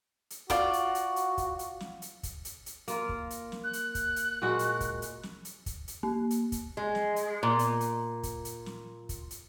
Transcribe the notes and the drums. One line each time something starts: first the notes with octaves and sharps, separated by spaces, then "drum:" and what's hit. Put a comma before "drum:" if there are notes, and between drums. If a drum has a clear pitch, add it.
drum: hi-hat
F4 F#4 D5, drum: kick, hi-hat
drum: hi-hat
drum: hi-hat
drum: hi-hat
drum: kick, hi-hat
drum: hi-hat
drum: snare
drum: hi-hat
drum: kick, hi-hat
drum: hi-hat
drum: hi-hat
A#3 F4, drum: hi-hat
drum: kick
drum: hi-hat
drum: snare
F#6
drum: hi-hat
drum: kick, hi-hat
drum: hi-hat
A#2 G#3 F#4
drum: hi-hat
drum: kick, hi-hat
drum: hi-hat
drum: snare
drum: hi-hat
drum: kick, hi-hat
drum: hi-hat
A#3
drum: hi-hat
drum: kick, hi-hat
G#3
drum: snare
drum: hi-hat
A#2
drum: hi-hat
drum: hi-hat
drum: kick, hi-hat
drum: hi-hat
drum: snare
drum: kick, hi-hat
drum: hi-hat